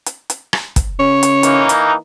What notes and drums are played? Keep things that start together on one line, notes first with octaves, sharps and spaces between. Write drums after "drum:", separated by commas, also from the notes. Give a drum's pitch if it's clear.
drum: hi-hat
drum: hi-hat
drum: rim click
drum: kick, hi-hat
C#3 C#5
drum: hi-hat
E3 A#3 D#4, drum: hi-hat
drum: hi-hat